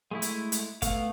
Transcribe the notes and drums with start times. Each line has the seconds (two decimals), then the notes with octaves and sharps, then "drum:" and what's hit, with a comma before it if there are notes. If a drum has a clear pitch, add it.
0.11 G#3 A3 E4
0.22 drum: hi-hat
0.52 drum: hi-hat
0.82 A3 B3 F5, drum: kick, hi-hat